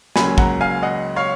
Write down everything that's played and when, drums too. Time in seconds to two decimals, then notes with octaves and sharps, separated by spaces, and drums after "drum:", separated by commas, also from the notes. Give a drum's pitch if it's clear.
0.16 C#2 C#3 F#3 A#3 G#5 B5, drum: snare
0.38 F#5 A#5, drum: kick
0.61 F5 G#5
0.83 D#5 F#5
1.16 C#5 F5